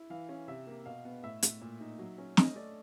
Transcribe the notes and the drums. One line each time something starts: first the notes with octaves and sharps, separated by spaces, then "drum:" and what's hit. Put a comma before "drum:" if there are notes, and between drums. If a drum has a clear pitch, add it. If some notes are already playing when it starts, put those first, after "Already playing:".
Already playing: E4
E3 F5
C#4
C3 E5
A#3
B2 F5
B3
A2 E5
A2, drum: hi-hat
A#2
D#4
F#3
C#4
A3 D#5, drum: snare
A3 D5